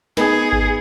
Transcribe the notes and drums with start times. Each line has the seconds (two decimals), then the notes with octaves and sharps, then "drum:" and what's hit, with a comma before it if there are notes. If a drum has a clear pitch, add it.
0.17 B3 D#4 G#4, drum: snare
0.52 drum: kick G#1